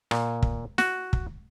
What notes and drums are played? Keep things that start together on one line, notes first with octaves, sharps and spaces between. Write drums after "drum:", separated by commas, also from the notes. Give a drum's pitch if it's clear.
A#2, drum: rim click
drum: kick
F#4, drum: snare
drum: kick